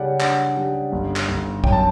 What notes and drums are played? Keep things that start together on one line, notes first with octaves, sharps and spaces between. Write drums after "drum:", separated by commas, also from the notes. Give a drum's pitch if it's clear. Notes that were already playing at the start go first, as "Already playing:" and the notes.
Already playing: C#3 G3 G4 D5 F#5
D4 D5 F#5, drum: clap
G3
G1
drum: clap
G1
F#2 G5, drum: kick
A5